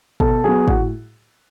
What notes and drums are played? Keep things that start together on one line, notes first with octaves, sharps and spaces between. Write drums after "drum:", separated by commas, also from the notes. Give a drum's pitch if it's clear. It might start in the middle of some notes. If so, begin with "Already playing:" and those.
B2 A4 A5, drum: kick
F#3 B3 G#4 G#5
A2 F#4 F#5, drum: kick